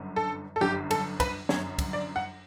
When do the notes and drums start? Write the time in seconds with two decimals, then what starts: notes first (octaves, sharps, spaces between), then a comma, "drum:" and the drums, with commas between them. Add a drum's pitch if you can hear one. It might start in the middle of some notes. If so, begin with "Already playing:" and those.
Already playing: G1 F#2 D3
0.16 A4
0.56 A4
0.61 G1 F#2 D3 G4
0.91 A4, drum: cymbal
1.20 B4, drum: kick, cymbal
1.49 G1 F#2 D3 C#5, drum: snare
1.78 drum: kick, cymbal
1.93 D5
2.16 F#5